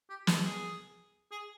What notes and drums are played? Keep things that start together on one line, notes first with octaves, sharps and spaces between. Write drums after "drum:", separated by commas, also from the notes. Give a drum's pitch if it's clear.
G4
G#4, drum: snare
G#4
G#4